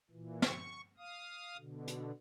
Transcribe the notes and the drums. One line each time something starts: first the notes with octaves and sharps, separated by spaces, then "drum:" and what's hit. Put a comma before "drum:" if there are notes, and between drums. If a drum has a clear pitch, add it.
A#2 E3
C#6, drum: snare
F5 D#6
B2 D3
drum: hi-hat